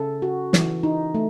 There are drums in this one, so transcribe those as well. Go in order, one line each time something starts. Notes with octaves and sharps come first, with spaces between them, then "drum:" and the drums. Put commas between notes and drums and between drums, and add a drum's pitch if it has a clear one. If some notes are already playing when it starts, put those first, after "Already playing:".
Already playing: C#3 A4
F#4
E3, drum: snare
D#4
A3